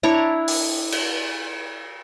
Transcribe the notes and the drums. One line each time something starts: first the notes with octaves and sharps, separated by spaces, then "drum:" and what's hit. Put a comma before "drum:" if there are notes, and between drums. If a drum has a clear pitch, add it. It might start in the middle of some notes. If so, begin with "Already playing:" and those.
D4 E4 C#5 A#5
drum: open hi-hat
drum: cymbal